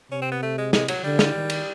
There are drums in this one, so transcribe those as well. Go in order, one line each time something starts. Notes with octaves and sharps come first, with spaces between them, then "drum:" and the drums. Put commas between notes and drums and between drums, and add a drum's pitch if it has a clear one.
C3 C#4
C4
B3
A3
G#3
G#3, drum: snare
F#3, drum: cymbal
D3 G3
drum: snare
D#3
drum: cymbal